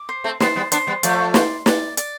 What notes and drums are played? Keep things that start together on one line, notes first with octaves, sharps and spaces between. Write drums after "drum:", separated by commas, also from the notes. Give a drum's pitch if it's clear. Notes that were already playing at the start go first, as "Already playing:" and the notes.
Already playing: D6
C5
A3 C4
G3 B3 C5, drum: snare
G3 B3
B3 D4 C5, drum: hi-hat
G3 B3
F3 A3 D5, drum: hi-hat
C6, drum: snare
D5, drum: snare
D5, drum: hi-hat